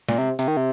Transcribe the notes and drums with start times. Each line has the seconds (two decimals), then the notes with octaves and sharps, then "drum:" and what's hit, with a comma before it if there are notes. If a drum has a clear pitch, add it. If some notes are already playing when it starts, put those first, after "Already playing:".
0.09 A#2, drum: snare
0.18 C3
0.39 C3, drum: hi-hat
0.48 D#3
0.57 C3